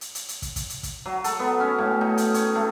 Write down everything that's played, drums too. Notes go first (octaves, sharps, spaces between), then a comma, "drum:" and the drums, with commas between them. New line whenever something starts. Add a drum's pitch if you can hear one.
drum: hi-hat
drum: hi-hat
drum: hi-hat
drum: kick, hi-hat
drum: kick, hi-hat
drum: hi-hat
drum: kick, hi-hat
F#3
A4, drum: hi-hat
B3
C#4
A2
D#4
G5, drum: hi-hat
C#5, drum: hi-hat
A3